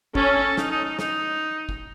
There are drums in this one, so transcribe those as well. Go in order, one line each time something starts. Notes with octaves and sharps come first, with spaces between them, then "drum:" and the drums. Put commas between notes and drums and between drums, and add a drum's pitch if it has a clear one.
C#4 A4, drum: kick
D#4, drum: snare
D#4
D#4
D#4, drum: snare
drum: kick